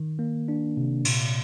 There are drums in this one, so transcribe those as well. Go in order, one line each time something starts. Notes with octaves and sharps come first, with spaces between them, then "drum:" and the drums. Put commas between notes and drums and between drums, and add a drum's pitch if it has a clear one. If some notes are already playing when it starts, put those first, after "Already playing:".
Already playing: D#3
A#3
D4
C3
A#2, drum: cymbal